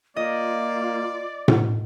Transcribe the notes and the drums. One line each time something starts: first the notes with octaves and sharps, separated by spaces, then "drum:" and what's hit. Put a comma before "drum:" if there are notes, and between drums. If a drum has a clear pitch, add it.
A#3 F4 D5 D#5
drum: tom A2